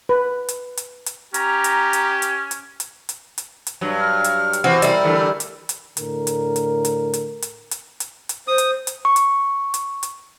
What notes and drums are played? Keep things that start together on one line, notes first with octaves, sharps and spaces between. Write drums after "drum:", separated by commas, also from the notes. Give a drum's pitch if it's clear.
B4
drum: hi-hat
drum: hi-hat
drum: hi-hat
C#4 G4 A#5, drum: hi-hat
drum: hi-hat
drum: hi-hat
drum: hi-hat
drum: hi-hat
drum: hi-hat
drum: hi-hat
drum: hi-hat
drum: hi-hat
G2 F#3
F6
drum: hi-hat
drum: hi-hat
B2 E3 C4 F#4
G3 E4 A#4, drum: hi-hat
D3 E3 A3
drum: hi-hat
drum: hi-hat
A2 D3 A#4, drum: hi-hat
drum: hi-hat
drum: hi-hat
drum: hi-hat
drum: hi-hat
drum: hi-hat
drum: hi-hat
drum: hi-hat
drum: hi-hat
C5 D#6
drum: hi-hat
drum: hi-hat
C#6
drum: hi-hat
drum: hi-hat
drum: hi-hat